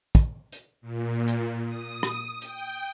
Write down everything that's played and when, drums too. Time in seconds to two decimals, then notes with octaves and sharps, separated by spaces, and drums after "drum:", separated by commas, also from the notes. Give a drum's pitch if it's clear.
0.15 drum: kick, hi-hat
0.52 drum: hi-hat
0.81 A#2
1.28 drum: hi-hat
1.65 D#6
2.03 drum: rim click
2.42 G5, drum: hi-hat